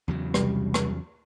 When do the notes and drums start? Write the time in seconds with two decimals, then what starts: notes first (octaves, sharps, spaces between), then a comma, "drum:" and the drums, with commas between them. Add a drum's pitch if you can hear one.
0.08 E2 C#3 F#3
0.34 C2 C3 G3, drum: rim click
0.74 drum: rim click